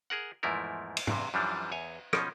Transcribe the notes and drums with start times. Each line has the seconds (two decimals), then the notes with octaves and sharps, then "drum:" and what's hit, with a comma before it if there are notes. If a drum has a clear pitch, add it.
0.10 G#4 A#4 F#5
0.43 E2 G#2 F3 A3 E4 A#4
0.97 drum: cymbal
1.07 E2 G2 C3, drum: tom
1.34 F#2 E3 F3 G3 D4
1.71 E2 C#5 G#5
2.13 B2 F3 C#4 D#4, drum: rim click